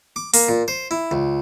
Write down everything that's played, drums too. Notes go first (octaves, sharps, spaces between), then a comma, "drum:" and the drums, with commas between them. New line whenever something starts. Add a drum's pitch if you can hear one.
D6
A#3, drum: open hi-hat
A#2
C5
E4
C#2